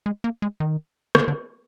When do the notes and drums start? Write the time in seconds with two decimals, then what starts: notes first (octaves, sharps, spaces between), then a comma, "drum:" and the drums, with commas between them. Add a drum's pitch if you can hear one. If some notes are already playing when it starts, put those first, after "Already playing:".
0.06 G#3
0.24 A#3
0.42 G#3
0.60 D#3
1.15 D3, drum: rim click
1.28 D3